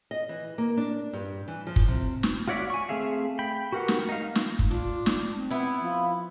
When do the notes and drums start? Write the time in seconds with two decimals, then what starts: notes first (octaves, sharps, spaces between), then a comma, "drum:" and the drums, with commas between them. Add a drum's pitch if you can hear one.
0.11 D#5
0.29 E3
0.58 A#3
0.77 D4
1.13 G2
1.48 E3
1.67 F3
1.76 drum: kick
1.88 C3
2.23 drum: snare
2.48 F4 F#4 C#5 D5 E5
2.70 G#5 C#6
2.89 A3 C4 G#4 E5 F5
3.39 G5 B5
3.72 F#4 G4 A#4 B4 F#5
3.88 drum: snare
4.09 D#4 F5
4.35 drum: snare
4.59 drum: kick
4.71 D4 F4
5.06 drum: snare
5.36 C4
5.50 B3 E4
5.80 F3